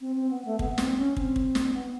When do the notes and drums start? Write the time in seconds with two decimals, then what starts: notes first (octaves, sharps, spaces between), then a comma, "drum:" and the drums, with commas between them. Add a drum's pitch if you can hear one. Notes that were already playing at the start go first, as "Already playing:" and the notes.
0.01 C4
0.16 C4
0.30 B3
0.45 A3
0.59 B3, drum: kick
0.78 C4, drum: snare
0.97 C#4
1.17 C4, drum: kick
1.36 drum: kick
1.55 drum: snare
1.74 B3